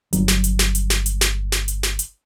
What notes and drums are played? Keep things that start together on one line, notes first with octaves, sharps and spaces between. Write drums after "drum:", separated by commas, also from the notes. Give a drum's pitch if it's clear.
G1 F#3, drum: hi-hat
drum: snare
drum: hi-hat
drum: snare
drum: hi-hat
drum: snare
drum: hi-hat
drum: snare
drum: snare
drum: hi-hat
drum: snare
drum: hi-hat